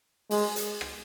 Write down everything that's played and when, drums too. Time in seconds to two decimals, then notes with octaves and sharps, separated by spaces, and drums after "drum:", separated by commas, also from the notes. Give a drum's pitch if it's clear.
0.31 G#3, drum: open hi-hat
0.56 drum: hi-hat
0.81 drum: rim click